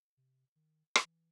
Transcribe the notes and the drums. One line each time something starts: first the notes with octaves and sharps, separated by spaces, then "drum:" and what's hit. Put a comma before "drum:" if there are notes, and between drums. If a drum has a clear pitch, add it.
C3
D#3
E3, drum: rim click